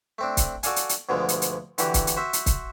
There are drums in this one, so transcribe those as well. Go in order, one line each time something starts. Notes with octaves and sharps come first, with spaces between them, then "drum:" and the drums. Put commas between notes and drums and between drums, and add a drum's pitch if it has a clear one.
A3 C4 D4
drum: kick, hi-hat
F#4 A4 D5 F5 G#5, drum: hi-hat
drum: hi-hat
drum: hi-hat
D2 B2 D3 F3 G#3
drum: hi-hat
drum: hi-hat
D3 E3 F#4 G4, drum: hi-hat
drum: kick, hi-hat
drum: hi-hat
F#4 C5 E5
drum: hi-hat
drum: kick, hi-hat